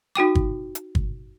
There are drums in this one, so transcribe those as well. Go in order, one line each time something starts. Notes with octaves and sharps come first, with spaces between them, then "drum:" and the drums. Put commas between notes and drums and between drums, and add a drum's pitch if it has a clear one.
D#4 F#4 G5 D6
drum: kick G1
drum: hi-hat
drum: kick G1